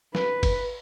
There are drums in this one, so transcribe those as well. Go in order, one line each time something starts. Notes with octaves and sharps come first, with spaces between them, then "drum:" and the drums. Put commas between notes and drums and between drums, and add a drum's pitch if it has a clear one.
B4, drum: snare
drum: kick F#1, cymbal